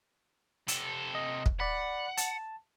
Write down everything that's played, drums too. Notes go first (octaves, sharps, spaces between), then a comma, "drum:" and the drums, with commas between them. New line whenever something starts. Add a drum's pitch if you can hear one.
C3 A4, drum: hi-hat
D#5
drum: kick
D5 F#5 B5
A5, drum: hi-hat